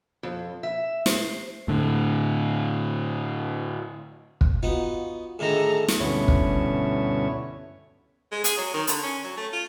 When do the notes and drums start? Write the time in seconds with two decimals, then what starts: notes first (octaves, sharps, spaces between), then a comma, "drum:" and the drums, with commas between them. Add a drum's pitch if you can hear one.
0.23 F2
0.63 E5
1.06 C5, drum: snare
1.68 A2 D3
4.41 drum: kick
4.63 B3 D#4 F4 F#4
5.39 A2 D3 D#3 G#4 A4 A#5
5.88 drum: snare
6.00 D2 G2 B2 C#4 E4 C#5
6.28 drum: kick
8.32 G#3
8.44 G#4, drum: hi-hat
8.57 F#3
8.74 D#3
8.87 D3, drum: hi-hat
9.03 C#4
9.24 F#3
9.37 A3
9.53 F4